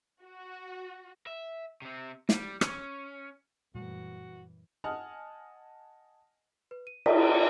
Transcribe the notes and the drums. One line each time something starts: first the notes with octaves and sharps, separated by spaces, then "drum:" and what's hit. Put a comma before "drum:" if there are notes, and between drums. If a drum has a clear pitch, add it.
F#4
E5
C3 C4
G3, drum: snare
C#4, drum: rim click
F#2 A#2 E3 G3 A3 F#4
D#5 F#5 G#5 A5 D#6 F6
B4
D#7
B6, drum: cymbal
B5
C#7